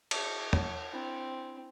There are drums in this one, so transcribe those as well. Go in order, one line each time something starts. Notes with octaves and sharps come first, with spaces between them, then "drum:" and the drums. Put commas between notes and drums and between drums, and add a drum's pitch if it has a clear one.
G#4 C5 A5, drum: cymbal
C#5 F#5 A5, drum: tom E2
C4 D4 E4 B5